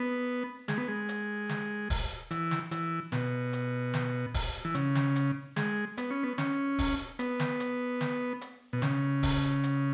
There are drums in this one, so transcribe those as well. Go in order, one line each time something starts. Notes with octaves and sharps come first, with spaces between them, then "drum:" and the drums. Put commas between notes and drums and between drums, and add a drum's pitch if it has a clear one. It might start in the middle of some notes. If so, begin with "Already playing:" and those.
Already playing: B3
G#3, drum: snare
B3
G#3
drum: hi-hat
drum: snare
drum: kick, open hi-hat
E3, drum: hi-hat
drum: snare
E3, drum: hi-hat
B2, drum: snare
drum: hi-hat
drum: snare
drum: kick, open hi-hat
E3
C#3, drum: hi-hat
drum: snare
drum: hi-hat
G#3, drum: snare
B3, drum: hi-hat
C#4
B3
C#4, drum: snare
drum: kick, open hi-hat
B3, drum: hi-hat
drum: snare
drum: hi-hat
drum: snare
drum: hi-hat
B2
C#3, drum: snare
drum: kick, open hi-hat
drum: hi-hat